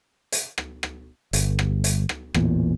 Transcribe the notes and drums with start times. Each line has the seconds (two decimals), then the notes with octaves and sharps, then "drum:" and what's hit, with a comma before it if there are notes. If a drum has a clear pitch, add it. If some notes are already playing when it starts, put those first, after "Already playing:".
0.32 drum: hi-hat
0.58 drum: rim click
0.83 drum: rim click
1.33 G1, drum: hi-hat
1.59 drum: rim click
1.84 drum: hi-hat
2.09 drum: rim click
2.34 A1 E2 A#2, drum: rim click